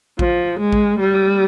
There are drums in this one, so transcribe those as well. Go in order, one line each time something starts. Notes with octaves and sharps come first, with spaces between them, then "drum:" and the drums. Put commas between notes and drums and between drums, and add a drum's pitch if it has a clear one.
F3, drum: kick A1
G#3
drum: kick A1
G3